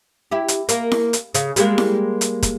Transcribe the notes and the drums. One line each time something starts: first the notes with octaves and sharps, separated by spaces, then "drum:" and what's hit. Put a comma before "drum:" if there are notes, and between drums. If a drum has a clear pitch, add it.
E4 G4
drum: hi-hat
A#3, drum: hi-hat
drum: snare E4
drum: hi-hat
C#3, drum: hi-hat
G3 G#3 A#3, drum: hi-hat
drum: snare E4
drum: hi-hat
drum: kick, hi-hat